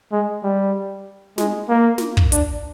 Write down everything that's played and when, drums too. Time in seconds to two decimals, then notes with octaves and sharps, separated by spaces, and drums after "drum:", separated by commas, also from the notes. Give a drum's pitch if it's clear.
0.12 G#3
0.44 G3
1.38 G#3, drum: snare
1.69 A#3
1.98 drum: snare
2.17 drum: kick
2.32 D4, drum: hi-hat